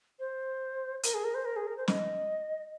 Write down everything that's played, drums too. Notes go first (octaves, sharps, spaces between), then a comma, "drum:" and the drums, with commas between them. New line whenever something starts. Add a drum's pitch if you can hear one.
C5
A#4, drum: hi-hat
G#4
A#4
C5
A#4
G#4
A#4
C5
D#5, drum: snare